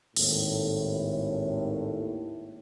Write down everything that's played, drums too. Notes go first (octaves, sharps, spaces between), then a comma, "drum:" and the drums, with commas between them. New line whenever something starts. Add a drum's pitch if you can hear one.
G#1 D#2 A2, drum: open hi-hat